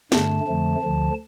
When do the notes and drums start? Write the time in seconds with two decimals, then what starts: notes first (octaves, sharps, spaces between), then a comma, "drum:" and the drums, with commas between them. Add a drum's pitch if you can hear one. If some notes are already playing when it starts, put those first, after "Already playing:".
0.12 G2 D3 A3 A5, drum: snare
0.47 F2 D3 F3 A3
0.82 D2 D3 F3